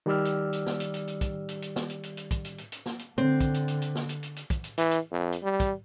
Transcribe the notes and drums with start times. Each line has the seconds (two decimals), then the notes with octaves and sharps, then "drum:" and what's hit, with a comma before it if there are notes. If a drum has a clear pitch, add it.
0.06 D#3 G3 G4 D5 E6 F6
0.25 drum: hi-hat
0.53 drum: hi-hat
0.66 drum: snare
0.80 drum: hi-hat
0.94 drum: hi-hat
1.07 drum: hi-hat
1.21 drum: kick, hi-hat
1.49 drum: hi-hat
1.62 drum: hi-hat
1.76 drum: snare
1.90 drum: hi-hat
2.03 drum: hi-hat
2.17 drum: hi-hat
2.31 drum: kick, hi-hat
2.45 drum: hi-hat
2.58 drum: hi-hat
2.72 drum: hi-hat
2.86 drum: snare
2.99 drum: hi-hat
3.18 D3 C4
3.40 drum: kick, hi-hat
3.54 drum: hi-hat
3.68 drum: hi-hat
3.82 drum: hi-hat
3.95 drum: snare
4.09 drum: hi-hat
4.23 drum: hi-hat
4.36 drum: hi-hat
4.50 drum: kick, hi-hat
4.64 drum: hi-hat
4.78 E3, drum: hi-hat
4.91 drum: hi-hat
5.12 F2
5.32 drum: hi-hat
5.43 G3
5.60 drum: kick, hi-hat